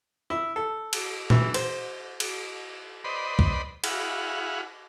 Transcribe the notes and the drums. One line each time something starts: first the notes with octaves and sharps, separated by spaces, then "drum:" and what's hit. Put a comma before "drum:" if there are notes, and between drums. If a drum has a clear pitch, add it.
E4
A4
drum: cymbal
E3, drum: tom A#2
C5, drum: cymbal
drum: cymbal
B4 C5 D5 D#5 B5 C6
drum: kick C2
E4 F#4 G#4 F5 F#5 B5, drum: cymbal